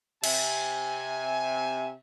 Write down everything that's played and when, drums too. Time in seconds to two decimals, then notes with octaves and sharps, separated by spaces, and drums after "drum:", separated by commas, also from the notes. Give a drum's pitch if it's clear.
0.24 C3 E5 G#5, drum: cymbal